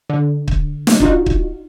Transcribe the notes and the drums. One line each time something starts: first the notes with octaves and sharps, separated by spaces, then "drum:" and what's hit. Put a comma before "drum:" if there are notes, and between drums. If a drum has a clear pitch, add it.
D3
drum: kick
drum: snare
D4 D#4 F4 F#4, drum: kick
drum: kick